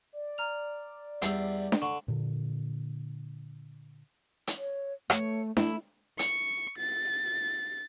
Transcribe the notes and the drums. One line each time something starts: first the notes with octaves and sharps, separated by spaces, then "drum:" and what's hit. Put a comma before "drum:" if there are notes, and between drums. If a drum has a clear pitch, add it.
D5
A#5 F6 F7
E2 G3 E6 C7, drum: hi-hat
drum: snare D4
D3 C#6
A#2 D3
drum: hi-hat
C#5
A3 C#5, drum: rim click
A3 E4, drum: snare D4
C#6, drum: hi-hat
A6